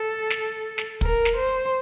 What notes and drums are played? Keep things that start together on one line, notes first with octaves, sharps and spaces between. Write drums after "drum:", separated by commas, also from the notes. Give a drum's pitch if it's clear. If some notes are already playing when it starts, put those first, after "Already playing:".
Already playing: A4
drum: snare
drum: snare
A#4, drum: kick
drum: snare
C5